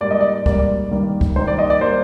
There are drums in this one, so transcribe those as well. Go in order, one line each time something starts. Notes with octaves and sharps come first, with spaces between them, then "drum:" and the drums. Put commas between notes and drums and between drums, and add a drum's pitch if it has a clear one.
G#2 G3 A#3 D5
D#5
D5
G#2 G3 A#3 D5, drum: kick
G2 D#3 A#3
drum: kick
G2 D#3 A#3 C5
D5
D#5
D5
G3 A#3 C5